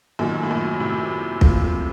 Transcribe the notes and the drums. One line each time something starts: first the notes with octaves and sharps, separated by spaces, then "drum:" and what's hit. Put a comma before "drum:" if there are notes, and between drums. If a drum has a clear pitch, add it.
F#2 A#2 D#3 F#3 A#3 D#4 F#4
A2
F#2 A#2
A2 C3
A#2 F3 C4 F4 A4, drum: kick